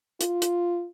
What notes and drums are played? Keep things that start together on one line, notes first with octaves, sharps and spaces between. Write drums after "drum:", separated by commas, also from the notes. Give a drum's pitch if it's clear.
F4, drum: hi-hat
drum: hi-hat